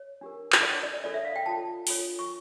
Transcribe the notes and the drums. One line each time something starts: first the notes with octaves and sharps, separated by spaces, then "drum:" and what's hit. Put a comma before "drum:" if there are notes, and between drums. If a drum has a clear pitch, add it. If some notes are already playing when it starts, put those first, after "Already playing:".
Already playing: C#5
D4 G4 A#4
drum: clap
D4 A4 C#5 D5
D5
D5
D4 A4 C#5 D5
E5
F5
G5
D4 F4 A4 C#5 A5
D4 F4 A4 C#5, drum: open hi-hat
C#6